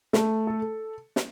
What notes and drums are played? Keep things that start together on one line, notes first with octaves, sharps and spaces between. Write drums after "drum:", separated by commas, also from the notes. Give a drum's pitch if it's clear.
A3, drum: snare
A4
drum: snare